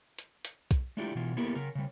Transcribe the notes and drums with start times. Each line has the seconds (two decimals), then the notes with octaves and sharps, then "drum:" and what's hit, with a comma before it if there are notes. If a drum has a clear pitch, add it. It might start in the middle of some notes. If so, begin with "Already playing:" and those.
0.19 drum: hi-hat
0.45 drum: hi-hat
0.71 drum: kick B1, hi-hat
0.97 G#3 A3 D4 E4 F4 G4
1.15 B2 E3 F4
1.37 A#3 B3 E4 G4 A4 A#4
1.55 C#3 A#4
1.75 C#3 G3